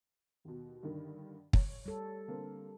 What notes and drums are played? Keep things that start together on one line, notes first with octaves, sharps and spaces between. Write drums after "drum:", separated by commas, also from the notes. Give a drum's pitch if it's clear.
D#2 B2
G2 D3 D#3
C#5, drum: kick
G3 A4
D3 A#3 C4